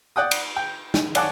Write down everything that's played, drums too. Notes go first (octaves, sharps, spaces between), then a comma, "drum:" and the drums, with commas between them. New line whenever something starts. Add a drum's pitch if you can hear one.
D5 F#5 G5 D#6
drum: cymbal
G5
drum: snare
C#5 D5 F#5 G#5 A5 D6, drum: cymbal